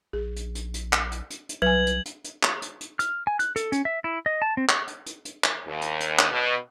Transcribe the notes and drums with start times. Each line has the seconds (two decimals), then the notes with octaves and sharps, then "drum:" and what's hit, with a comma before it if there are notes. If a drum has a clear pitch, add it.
0.13 A#1 G#4
0.36 drum: hi-hat
0.55 drum: hi-hat
0.74 drum: hi-hat
0.93 drum: clap
1.11 drum: hi-hat
1.30 drum: hi-hat
1.49 drum: hi-hat
1.62 C2 F#3 B4 G#5 G#6 F#7
1.87 drum: hi-hat
2.05 drum: hi-hat
2.24 drum: hi-hat
2.43 drum: clap
2.62 drum: hi-hat
2.81 drum: hi-hat
2.99 F6, drum: hi-hat
3.27 G#5
3.39 F#6, drum: hi-hat
3.56 A4, drum: hi-hat
3.72 C#4, drum: hi-hat
3.85 E5
4.04 E4
4.26 D#5
4.42 A5
4.57 C4
4.69 C#6, drum: clap
4.87 drum: hi-hat
5.06 drum: hi-hat
5.25 drum: hi-hat
5.44 drum: clap
5.66 D#2
5.81 drum: hi-hat
6.00 drum: hi-hat
6.19 drum: clap
6.31 B2